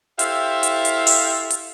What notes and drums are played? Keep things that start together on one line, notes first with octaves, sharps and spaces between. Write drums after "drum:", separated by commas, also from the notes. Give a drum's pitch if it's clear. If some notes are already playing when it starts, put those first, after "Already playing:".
E4 G4 A4 C5 E5 F5, drum: hi-hat
drum: hi-hat
drum: hi-hat
drum: open hi-hat
drum: hi-hat